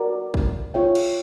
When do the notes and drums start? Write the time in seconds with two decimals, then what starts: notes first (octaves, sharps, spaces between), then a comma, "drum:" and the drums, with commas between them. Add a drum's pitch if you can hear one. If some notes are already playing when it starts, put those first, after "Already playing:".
Already playing: F#4 A#4 D5
0.34 drum: kick
0.74 F4 G#4 C#5 E5 G5
0.95 drum: cymbal